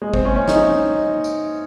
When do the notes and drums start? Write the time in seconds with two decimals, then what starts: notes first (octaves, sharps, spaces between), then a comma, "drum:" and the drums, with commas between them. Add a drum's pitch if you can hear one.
0.02 G#3
0.14 C4, drum: kick G#1
0.25 C#4
0.36 C#4
0.48 D#4, drum: snare
1.24 drum: tambourine